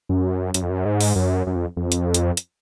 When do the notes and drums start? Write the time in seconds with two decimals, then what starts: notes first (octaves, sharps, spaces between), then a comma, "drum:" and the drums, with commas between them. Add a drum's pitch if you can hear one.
0.09 F#2
0.54 F#2, drum: hi-hat
0.62 F2
0.70 F#2
0.85 G#2
1.01 drum: open hi-hat
1.16 F#2
1.47 F#2
1.56 F2
1.77 F2
1.92 drum: hi-hat
2.14 drum: hi-hat
2.37 drum: hi-hat